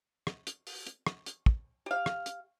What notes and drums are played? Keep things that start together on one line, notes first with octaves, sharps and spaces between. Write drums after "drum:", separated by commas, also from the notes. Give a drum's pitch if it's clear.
drum: rim click
drum: hi-hat
drum: open hi-hat
drum: hi-hat
drum: rim click
drum: hi-hat
drum: kick
G4 F5
drum: rim click
drum: hi-hat